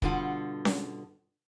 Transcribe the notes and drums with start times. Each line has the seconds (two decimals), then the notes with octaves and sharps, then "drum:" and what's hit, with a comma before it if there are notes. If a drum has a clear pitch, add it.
0.02 G2 B2 D3 F4 F#5, drum: kick
0.65 drum: snare C#4